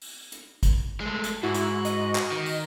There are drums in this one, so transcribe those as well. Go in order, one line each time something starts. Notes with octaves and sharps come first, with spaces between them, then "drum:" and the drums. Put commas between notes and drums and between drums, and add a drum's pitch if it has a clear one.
drum: open hi-hat
drum: hi-hat
drum: kick G#1, hi-hat
G#3 A3
drum: hi-hat
G#2 E4 F#4
drum: hi-hat
D#5, drum: hi-hat
drum: clap
D#3
drum: open hi-hat